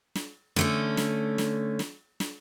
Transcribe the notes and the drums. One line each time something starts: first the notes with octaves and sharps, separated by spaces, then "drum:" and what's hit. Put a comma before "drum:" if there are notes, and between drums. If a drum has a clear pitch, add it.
drum: snare
D3 A3 C#4, drum: snare
drum: snare
drum: snare
drum: snare
drum: snare